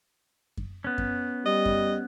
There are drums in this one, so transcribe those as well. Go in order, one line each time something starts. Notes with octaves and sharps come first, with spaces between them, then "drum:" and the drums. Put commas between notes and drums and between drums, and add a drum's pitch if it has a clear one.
drum: kick F#2
B3 C#4
drum: kick F#2
G3 D#5
drum: kick F#2